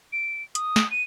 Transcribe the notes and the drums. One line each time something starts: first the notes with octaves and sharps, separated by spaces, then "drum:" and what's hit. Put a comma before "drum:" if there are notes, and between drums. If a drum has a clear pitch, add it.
D7
D#6, drum: hi-hat
drum: snare
D#7